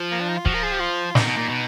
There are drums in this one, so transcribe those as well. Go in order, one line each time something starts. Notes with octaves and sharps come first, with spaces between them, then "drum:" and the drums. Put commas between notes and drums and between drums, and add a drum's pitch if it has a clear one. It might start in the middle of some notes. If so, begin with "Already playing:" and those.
Already playing: F3
A#3
D4
D#4
F4
F3 F#4, drum: kick
A#4
G#4
G4
F4
C3 D#4, drum: snare
B2
A#2
B2